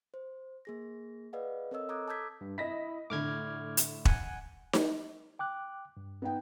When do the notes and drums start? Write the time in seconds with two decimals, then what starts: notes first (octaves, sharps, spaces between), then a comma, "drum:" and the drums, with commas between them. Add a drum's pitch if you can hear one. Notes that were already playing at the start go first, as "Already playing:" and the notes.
0.14 C5
0.65 A#3 G#4 A#6
1.33 G#4 B4 D5 D#5 F5 F#5
1.71 C4 A4 A#4 C#5 D#5 E6
1.89 A4 A#5 D6 D#6 F#6 G#6
2.08 A5 D6 E6 G6 G#6 B6
2.41 G2
2.58 E4 D#5 A#6 B6
3.10 A2 D3 D6 F6 G#6
3.77 drum: hi-hat
4.05 F#5 G#5, drum: kick E1
4.73 drum: snare D#4
5.39 G5 D6 F#6
5.97 G2
6.22 B3 D#4 G5